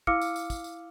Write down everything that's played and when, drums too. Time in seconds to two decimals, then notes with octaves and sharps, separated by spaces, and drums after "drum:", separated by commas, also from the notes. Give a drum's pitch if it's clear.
0.07 E4 F5 D6 E6 F6 C#7, drum: kick
0.21 drum: tambourine
0.36 drum: tambourine
0.50 drum: kick, tambourine
0.64 drum: tambourine